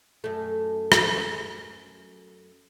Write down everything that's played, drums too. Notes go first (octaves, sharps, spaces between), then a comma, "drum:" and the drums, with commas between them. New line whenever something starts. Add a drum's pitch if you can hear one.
F#2 A3
drum: rim click